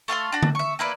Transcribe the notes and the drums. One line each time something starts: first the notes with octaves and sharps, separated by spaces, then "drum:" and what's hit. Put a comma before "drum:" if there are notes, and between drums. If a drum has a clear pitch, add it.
A3 F4 F5 C6
D4 F#4
drum: tom D3
E5 C#6
A#3 E4 B4 D5